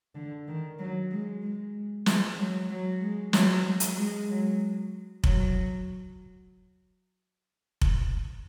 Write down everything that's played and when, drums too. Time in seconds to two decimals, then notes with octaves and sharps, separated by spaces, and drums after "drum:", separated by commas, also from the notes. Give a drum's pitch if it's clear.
0.15 D3
0.48 D#3
0.79 F#3
1.11 G#3
1.42 G#3
2.06 G#3, drum: snare
2.38 F#3
2.69 F#3
3.01 G#3
3.33 F#3, drum: snare
3.80 drum: hi-hat
3.97 G#3
4.28 F#3
5.24 F#3, drum: kick F1
7.81 drum: kick F1